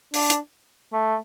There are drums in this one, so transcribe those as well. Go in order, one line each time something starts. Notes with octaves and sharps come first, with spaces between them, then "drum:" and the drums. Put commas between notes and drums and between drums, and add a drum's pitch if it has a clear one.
D4, drum: open hi-hat
drum: hi-hat
A3